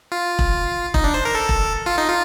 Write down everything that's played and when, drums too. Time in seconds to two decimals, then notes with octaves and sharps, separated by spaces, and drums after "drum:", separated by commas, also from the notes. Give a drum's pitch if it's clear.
0.12 F4
0.39 drum: kick E1
0.94 D#4, drum: kick E1
1.04 D4
1.14 C5
1.25 A#4
1.35 A4
1.49 drum: kick E1
1.86 F4
1.98 D#4
2.08 F4